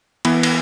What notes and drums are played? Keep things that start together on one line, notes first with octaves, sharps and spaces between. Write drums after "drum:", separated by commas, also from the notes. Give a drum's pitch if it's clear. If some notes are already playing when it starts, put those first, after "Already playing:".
E3 B3 E4, drum: cymbal
drum: cymbal